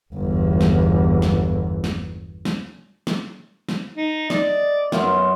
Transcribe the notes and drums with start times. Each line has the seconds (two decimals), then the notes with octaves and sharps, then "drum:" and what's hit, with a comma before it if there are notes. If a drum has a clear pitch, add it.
0.14 G1 E2
0.61 drum: snare
1.22 drum: snare
1.84 drum: snare
2.45 drum: snare
3.07 drum: snare
3.69 drum: snare
3.96 D#4
4.30 D5 D#5, drum: snare
4.92 F#2 B3 F4, drum: snare